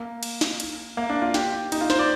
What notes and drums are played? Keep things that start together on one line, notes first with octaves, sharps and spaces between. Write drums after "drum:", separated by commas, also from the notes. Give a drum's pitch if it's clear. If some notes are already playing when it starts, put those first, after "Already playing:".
Already playing: A#3
drum: cymbal
drum: snare
drum: cymbal
A#3
D4
F4
G4, drum: snare
G4
D#4, drum: cymbal
F4
C5, drum: snare
D5